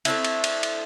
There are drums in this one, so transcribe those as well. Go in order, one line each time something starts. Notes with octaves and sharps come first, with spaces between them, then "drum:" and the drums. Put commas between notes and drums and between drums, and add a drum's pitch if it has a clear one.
A3 C4 D4 E4, drum: cymbal
drum: cymbal
drum: cymbal
drum: cymbal